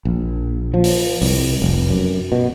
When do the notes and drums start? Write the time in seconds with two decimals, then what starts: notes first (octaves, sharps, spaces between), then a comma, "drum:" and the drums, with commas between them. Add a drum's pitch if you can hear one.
0.05 A#1
0.74 F3
0.84 drum: open hi-hat
1.22 C2, drum: open hi-hat
1.62 F1
1.90 F#2
2.32 B2